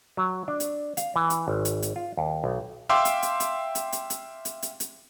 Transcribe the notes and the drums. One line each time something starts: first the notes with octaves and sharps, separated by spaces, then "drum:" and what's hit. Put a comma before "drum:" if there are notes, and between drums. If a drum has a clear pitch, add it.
F#3
D4
drum: hi-hat
F5, drum: hi-hat
E3
drum: hi-hat
G#1
drum: hi-hat
drum: hi-hat
F4
D#2
B1
E5 F5 G5 C6 D6 E6
drum: hi-hat
drum: hi-hat
drum: hi-hat
drum: hi-hat
drum: hi-hat
drum: hi-hat
drum: hi-hat
drum: hi-hat
drum: hi-hat